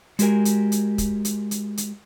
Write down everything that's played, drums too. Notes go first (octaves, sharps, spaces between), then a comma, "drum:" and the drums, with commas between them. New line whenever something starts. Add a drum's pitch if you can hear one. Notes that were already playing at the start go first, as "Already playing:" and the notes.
G#3 F#4 G4 A#4 G#5, drum: hi-hat
drum: hi-hat
drum: hi-hat
drum: kick, hi-hat
drum: hi-hat
drum: hi-hat
drum: hi-hat